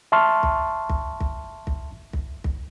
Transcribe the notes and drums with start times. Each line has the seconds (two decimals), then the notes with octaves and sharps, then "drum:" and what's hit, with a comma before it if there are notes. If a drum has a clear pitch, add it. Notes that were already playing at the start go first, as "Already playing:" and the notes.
0.12 E5 A5 C6 C#6 F6
0.43 drum: kick
0.89 drum: kick
1.20 drum: kick
1.67 drum: kick
2.13 drum: kick
2.44 drum: kick